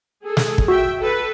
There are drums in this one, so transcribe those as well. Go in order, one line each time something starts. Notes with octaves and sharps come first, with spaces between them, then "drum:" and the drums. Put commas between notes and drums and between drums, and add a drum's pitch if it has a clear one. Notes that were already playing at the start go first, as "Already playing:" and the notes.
G#4 A4
drum: snare
drum: kick
F#4 E5 G5
A4 B4